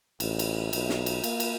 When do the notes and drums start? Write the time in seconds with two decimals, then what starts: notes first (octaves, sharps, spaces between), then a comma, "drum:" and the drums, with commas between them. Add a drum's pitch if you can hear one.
0.20 A1, drum: cymbal
0.39 drum: cymbal
0.73 B1, drum: cymbal
0.90 drum: snare
1.06 drum: cymbal
1.24 A#3, drum: cymbal
1.40 drum: cymbal